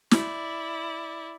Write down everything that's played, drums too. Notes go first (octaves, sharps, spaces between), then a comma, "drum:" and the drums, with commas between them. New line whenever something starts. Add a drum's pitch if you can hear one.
E4 D5, drum: snare